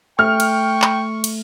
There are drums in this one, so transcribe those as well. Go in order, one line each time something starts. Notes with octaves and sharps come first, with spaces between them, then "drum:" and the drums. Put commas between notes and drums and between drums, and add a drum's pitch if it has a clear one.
A3 G5 C#6 F6
drum: cymbal
drum: clap
drum: cymbal